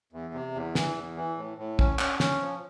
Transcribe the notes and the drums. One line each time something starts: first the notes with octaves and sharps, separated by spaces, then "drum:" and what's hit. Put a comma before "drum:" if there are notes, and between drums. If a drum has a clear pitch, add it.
E2
C3
E2
E3, drum: snare
E2
E3
A2
A2
C#4, drum: kick
C#4, drum: clap
C#4, drum: snare
F3